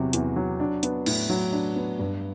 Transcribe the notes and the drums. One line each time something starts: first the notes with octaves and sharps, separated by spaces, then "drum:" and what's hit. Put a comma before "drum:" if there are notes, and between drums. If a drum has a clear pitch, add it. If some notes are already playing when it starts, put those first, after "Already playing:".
Already playing: E2 C3 F#3
E2, drum: hi-hat
F#3
D4
B3, drum: hi-hat
A2, drum: cymbal
F#3
D4
B3
G2